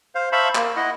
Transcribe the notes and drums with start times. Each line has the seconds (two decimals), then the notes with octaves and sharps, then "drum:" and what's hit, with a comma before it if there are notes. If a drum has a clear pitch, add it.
0.15 C5 F5
0.32 C5 E5 F5 A5 B5 C#6
0.55 A#3, drum: clap
0.76 E4 D#5 F#5